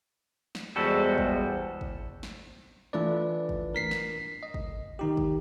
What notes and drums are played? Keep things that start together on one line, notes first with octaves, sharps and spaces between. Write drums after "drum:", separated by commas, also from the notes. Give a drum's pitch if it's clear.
drum: snare
E2 G3 G#3 F#4 A4 C5
drum: kick G#1
drum: kick G#1
drum: snare
E3 A3 D4 F4 B4 D5
drum: kick G#1
A#4 B6 C7
drum: snare
D#5
drum: kick G#1
D#3 D#4 G4
drum: kick G#1